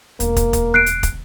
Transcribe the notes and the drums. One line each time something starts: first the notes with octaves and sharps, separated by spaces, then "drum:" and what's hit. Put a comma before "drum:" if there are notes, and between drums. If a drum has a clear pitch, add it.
E1 D2 A#3, drum: hi-hat
drum: kick, hi-hat
drum: kick, hi-hat
F#6 C7 D7
drum: hi-hat
drum: kick, hi-hat